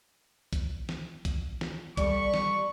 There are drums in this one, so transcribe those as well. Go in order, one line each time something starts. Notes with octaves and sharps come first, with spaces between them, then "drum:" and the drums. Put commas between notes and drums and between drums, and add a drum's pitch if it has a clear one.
drum: kick A#1, hi-hat
drum: snare
drum: kick A#1, hi-hat
drum: snare
G3 A4 D5 B5 C#6, drum: kick A#1, hi-hat
drum: snare